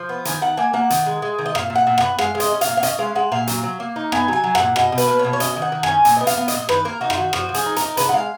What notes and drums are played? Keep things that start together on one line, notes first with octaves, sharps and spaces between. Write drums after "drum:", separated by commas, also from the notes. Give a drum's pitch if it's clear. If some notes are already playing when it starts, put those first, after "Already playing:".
Already playing: F3
B3
D#3 G#5, drum: hi-hat
D#3 F#5
A#3 G#5
A#3 F#5
D#3, drum: hi-hat
G#3
G#3
D#3
D#5
A#2 F5, drum: rim click
A#2
F#5
A#2
B3 F#5, drum: rim click
G#3 F5, drum: rim click
G#3
D#5, drum: hi-hat
C#4
F5, drum: hi-hat
A#2
F5
C#4 D#5, drum: hi-hat
G#3 F5
G#3 F#5
A#2 F5
F#3, drum: hi-hat
F#3
A#3
D#4
B3 G#5, drum: rim click
F#3 G#5
F#3
F#5, drum: rim click
A#2
B2 D#5, drum: rim click
B2
B4, drum: hi-hat
A#3
C#5
B2
C#5
C#4 D#5, drum: hi-hat
D#3
F#5
D#3
C#4 G#5, drum: rim click
A#2, drum: hi-hat
B3 D#5
F5, drum: hi-hat
B3
D#5, drum: hi-hat
A#2
D#3 B4, drum: rim click
A#3 A#4
D#4 F#4
F4, drum: rim click
D#3 F#4
F3 F#4, drum: rim click
F3
G#4, drum: hi-hat
D#4
D#4 A#4, drum: hi-hat
C#3 B4, drum: hi-hat
F#5
G#3 F5